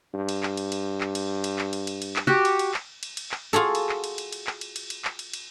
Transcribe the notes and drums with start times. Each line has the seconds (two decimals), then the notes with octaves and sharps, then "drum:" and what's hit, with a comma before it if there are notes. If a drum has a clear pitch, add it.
0.14 G2
0.29 drum: cymbal
0.43 drum: clap
0.57 drum: cymbal
0.72 drum: cymbal
1.01 drum: clap
1.15 drum: cymbal
1.44 drum: cymbal
1.58 drum: clap
1.73 drum: cymbal
1.87 drum: cymbal
2.02 drum: cymbal
2.16 drum: clap
2.27 F#4 G4
2.45 drum: cymbal
2.59 drum: cymbal
2.74 drum: clap
3.03 drum: cymbal
3.17 drum: cymbal
3.32 drum: clap
3.53 F4 F#4 G#4 A4
3.75 drum: cymbal
3.89 drum: clap
4.04 drum: cymbal
4.18 drum: cymbal
4.32 drum: cymbal
4.47 drum: clap
4.61 drum: cymbal
4.76 drum: cymbal
4.90 drum: cymbal
5.05 drum: clap
5.19 drum: cymbal
5.33 drum: cymbal